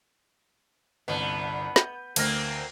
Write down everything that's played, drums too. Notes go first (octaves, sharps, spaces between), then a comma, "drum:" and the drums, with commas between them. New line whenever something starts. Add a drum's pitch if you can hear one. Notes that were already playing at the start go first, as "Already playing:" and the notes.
G1 C2 B3
G6, drum: snare
D2 A#3 C4 F6 A#6, drum: cymbal